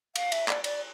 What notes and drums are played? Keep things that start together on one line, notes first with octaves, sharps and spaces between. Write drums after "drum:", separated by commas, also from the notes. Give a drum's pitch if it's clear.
F5, drum: cymbal
E5, drum: cymbal
D5, drum: clap
D5, drum: cymbal